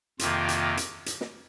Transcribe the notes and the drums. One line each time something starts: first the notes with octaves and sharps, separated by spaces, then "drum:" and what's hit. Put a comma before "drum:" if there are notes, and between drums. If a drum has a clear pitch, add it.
F2 C3 D#3 A#3 F4, drum: hi-hat
drum: hi-hat
drum: hi-hat
drum: hi-hat
drum: snare